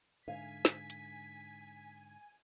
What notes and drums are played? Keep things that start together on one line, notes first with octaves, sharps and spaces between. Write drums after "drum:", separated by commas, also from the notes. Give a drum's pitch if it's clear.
G#2 D3 F5 G#5 B6
drum: snare
drum: hi-hat